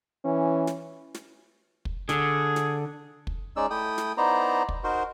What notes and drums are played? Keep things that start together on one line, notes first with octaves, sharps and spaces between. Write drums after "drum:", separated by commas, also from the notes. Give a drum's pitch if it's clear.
E3 C#4
drum: snare
drum: snare
drum: kick
D3 G#4, drum: snare
drum: snare
drum: kick
G#3 C#4 D#4 D5 E6
A3 E4 G5 D#6
drum: snare
B3 D#4 E4 C5 D5 A#5
drum: kick
D#4 F#4 A#4 C5